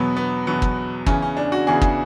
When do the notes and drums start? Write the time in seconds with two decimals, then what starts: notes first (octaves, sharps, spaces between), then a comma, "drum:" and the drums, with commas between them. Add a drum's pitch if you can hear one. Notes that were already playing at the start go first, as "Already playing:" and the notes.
Already playing: E2 B2 F#3 B3
0.16 B3
0.47 E2 B2 F#3 B3
0.62 drum: kick
1.06 E2 C#3 E3 C#4, drum: kick
1.22 C#4
1.37 D4
1.52 F#4
1.67 E2 C#3 E3 G#4
1.82 drum: kick